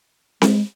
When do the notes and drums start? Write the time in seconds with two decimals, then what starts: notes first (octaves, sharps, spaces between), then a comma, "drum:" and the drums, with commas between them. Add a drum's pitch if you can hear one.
0.42 G#3, drum: snare C4